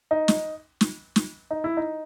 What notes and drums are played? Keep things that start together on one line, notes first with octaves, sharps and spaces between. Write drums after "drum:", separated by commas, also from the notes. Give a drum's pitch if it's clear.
D#4
drum: snare
drum: snare
drum: snare
D#4
E4
D#4